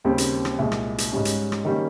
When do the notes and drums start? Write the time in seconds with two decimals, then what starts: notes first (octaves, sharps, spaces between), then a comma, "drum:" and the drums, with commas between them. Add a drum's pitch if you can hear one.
0.05 D#2 C#3 G3 C4
0.18 drum: hi-hat
0.45 drum: rim click
0.59 C2 A#2 G#3
0.72 drum: rim click
0.98 drum: hi-hat
1.12 G#2 G3 C#4
1.25 drum: hi-hat
1.52 drum: rim click
1.65 D#3 G3 A#3 C#4